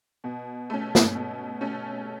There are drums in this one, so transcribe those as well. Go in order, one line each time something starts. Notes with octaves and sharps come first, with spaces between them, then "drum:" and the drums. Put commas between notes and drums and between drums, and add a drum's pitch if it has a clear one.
B2
A3 C#4
drum: snare
B2
A3 C#4